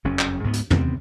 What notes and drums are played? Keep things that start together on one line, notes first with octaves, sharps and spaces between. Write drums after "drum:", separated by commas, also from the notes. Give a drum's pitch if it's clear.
F#1 F2 C#4
drum: clap
D2 G#2 G#3 B3
drum: hi-hat
D#2 C3 B3 C4, drum: tom